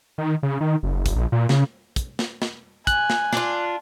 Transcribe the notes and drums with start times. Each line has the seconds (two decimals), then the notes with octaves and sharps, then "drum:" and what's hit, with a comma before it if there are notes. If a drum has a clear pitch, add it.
0.18 D#3
0.43 C#3
0.61 D#3
0.83 F#1
1.06 drum: kick, hi-hat
1.16 A#1
1.32 A#2
1.49 C#3, drum: snare
1.96 drum: kick, hi-hat
2.19 drum: snare
2.42 drum: snare
2.87 G#5 F#6, drum: kick, hi-hat
3.10 drum: snare
3.33 D4 F4, drum: snare